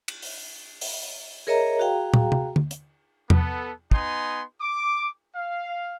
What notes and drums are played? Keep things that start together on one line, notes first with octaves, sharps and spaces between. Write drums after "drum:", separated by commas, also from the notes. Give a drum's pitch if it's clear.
drum: cymbal
drum: open hi-hat
drum: open hi-hat
G#4 A#4 C#5 D#5 E5 A#5
F#4 G#4 F5 G5 A#5
drum: tom
drum: tom C3
drum: tom
drum: hi-hat
B3 A4, drum: tom E2
B3 D#4 G#5 C6, drum: kick
D6
F5